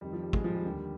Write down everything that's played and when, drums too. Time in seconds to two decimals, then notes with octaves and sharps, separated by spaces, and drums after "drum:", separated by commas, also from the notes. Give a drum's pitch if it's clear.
0.01 F2 D#3 G3
0.13 F3
0.22 G3
0.33 G#3, drum: kick
0.44 F3
0.54 G3
0.65 D#2 D3